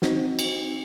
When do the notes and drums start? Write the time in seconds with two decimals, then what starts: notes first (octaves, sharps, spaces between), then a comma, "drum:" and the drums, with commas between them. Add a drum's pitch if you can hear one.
0.02 C4 D#4 F#4, drum: snare
0.39 drum: cymbal